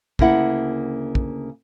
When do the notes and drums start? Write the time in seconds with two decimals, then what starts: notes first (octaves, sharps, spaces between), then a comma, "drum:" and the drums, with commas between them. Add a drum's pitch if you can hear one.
0.19 D2 C#3 A#3 E4 F#5, drum: kick
1.15 drum: kick